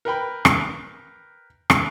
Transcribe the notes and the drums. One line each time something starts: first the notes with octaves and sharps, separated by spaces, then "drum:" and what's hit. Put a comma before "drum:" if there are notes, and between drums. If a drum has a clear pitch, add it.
A#4 B4 G5 B5
drum: rim click
drum: rim click